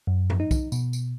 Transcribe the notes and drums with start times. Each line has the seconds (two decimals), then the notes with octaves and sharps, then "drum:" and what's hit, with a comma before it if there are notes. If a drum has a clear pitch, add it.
0.07 F#2
0.30 drum: tom G#2
0.40 D#4
0.51 drum: kick, tambourine
0.72 B2, drum: tambourine
0.93 drum: tambourine